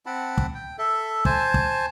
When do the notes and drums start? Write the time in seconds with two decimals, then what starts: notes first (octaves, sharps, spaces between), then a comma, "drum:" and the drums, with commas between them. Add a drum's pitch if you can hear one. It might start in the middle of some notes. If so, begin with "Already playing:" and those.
0.06 C4 F#5 A5 B5
0.38 drum: kick
0.54 G5
0.78 A4 E5
1.25 C5 G#5 A5, drum: kick
1.54 drum: kick